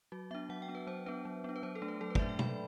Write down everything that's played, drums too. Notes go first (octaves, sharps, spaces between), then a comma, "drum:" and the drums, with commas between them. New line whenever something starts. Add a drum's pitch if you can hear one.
F#3 F#4
B3 D4 E5
F#3 F#5
G5
B3 D4
B4
F#3 C5
B3 D4 B4
F#3
B3 D4
B4
F#3 C5
A4
A3 D4
B4
F#3 A4
B4
D5, drum: kick
A3 D4 E5
G5
F#3 B5, drum: tom B2